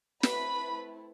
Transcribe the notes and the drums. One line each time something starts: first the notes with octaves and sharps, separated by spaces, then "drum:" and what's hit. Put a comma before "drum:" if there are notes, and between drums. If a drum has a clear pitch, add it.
A3 C4 E4 B4 B5, drum: snare